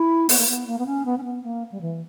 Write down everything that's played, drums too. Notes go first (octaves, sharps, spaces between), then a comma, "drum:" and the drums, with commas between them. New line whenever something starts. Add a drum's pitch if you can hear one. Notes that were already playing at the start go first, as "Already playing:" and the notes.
Already playing: E4
B3, drum: open hi-hat
A#3
B3
A#3
B3
C#4
B3
C#4
B3
A#3
G3
E3